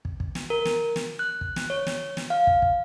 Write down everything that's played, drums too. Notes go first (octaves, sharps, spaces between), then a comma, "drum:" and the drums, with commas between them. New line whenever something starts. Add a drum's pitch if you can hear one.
drum: kick
drum: kick
drum: snare
A#4
drum: snare
drum: snare
F#6
drum: kick
drum: snare
C#5
drum: snare
drum: snare
F5
drum: kick
drum: kick